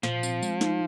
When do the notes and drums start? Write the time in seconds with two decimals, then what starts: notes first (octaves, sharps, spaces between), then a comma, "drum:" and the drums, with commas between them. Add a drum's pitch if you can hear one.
0.03 A#2 F3, drum: snare
0.23 C4, drum: tambourine
0.42 G#3, drum: tambourine
0.61 D#4, drum: snare